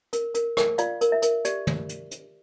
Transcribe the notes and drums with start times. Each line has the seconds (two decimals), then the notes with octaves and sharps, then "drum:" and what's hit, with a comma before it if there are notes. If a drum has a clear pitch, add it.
0.13 A#4, drum: hi-hat
0.34 A#4, drum: hi-hat
0.57 A#4, drum: rim click
0.78 F4 D5 F5, drum: hi-hat
1.01 A#4, drum: hi-hat
1.12 E5
1.22 A#4, drum: hi-hat
1.45 G4 D5, drum: hi-hat
1.67 drum: tom
1.89 drum: hi-hat
2.11 drum: hi-hat